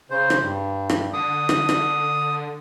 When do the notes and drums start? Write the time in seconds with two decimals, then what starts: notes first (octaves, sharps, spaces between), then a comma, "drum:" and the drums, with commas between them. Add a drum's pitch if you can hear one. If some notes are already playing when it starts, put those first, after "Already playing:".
0.10 C#3 C5
0.30 drum: rim click
0.42 G2
0.90 drum: rim click
1.13 D3 D#6
1.49 drum: rim click
1.69 drum: rim click